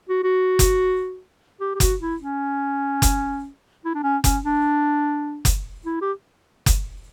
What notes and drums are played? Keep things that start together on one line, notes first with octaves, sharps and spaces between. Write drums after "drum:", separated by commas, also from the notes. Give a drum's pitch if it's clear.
F#4
F#4
drum: kick F#1, hi-hat
G4
G4
F#4, drum: kick F#1, hi-hat
E4
C#4
drum: kick F#1, hi-hat
E4
D4
C#4
C#4, drum: kick F#1, hi-hat
D4
drum: kick F#1, hi-hat
E4
G4
drum: kick F#1, hi-hat